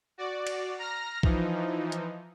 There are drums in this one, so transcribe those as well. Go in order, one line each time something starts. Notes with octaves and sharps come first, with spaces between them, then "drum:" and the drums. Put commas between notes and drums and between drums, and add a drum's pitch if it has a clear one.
F#4 D5
drum: cymbal
A#5 F6 A#6
E3 F3 D#4, drum: kick
drum: hi-hat